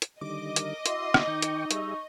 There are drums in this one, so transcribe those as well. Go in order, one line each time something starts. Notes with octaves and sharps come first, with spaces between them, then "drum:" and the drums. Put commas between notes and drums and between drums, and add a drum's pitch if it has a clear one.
drum: hi-hat
D3 D#3 G3 D#5 D6
A#4, drum: hi-hat
E4 F#4 E5 C6 D6, drum: hi-hat
drum: rim click
D#3 D#4 G5 C#6
drum: hi-hat
G3 G#4 E5 C#6, drum: hi-hat